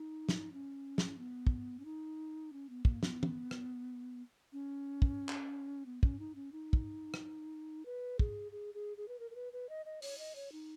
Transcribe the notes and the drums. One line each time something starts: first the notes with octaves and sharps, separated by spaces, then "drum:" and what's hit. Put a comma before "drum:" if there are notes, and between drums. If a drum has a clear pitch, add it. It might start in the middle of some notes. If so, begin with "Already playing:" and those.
Already playing: D#4
drum: snare
C#4
drum: snare
B3
drum: kick
C#4
D#4
C#4
B3
A#3, drum: kick
B3, drum: snare
drum: tom
drum: rim click
C#4
drum: kick
drum: clap
B3
C#4, drum: kick
D#4
C#4
D#4
drum: kick
drum: rim click
B4
G#4, drum: kick
G#4
G#4
G#4
B4
A#4
A#4
B4
B4
D#5
D#5
C#5, drum: open hi-hat
D#5
C#5
D#4